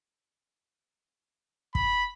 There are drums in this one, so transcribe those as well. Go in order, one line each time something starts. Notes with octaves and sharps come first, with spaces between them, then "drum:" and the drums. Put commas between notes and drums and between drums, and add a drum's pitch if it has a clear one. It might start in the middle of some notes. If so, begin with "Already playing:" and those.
B5, drum: kick